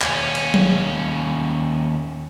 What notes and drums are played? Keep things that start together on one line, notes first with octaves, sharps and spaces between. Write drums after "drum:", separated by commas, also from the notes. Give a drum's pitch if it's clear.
D#2 C#4, drum: clap
drum: cymbal
drum: tom F#3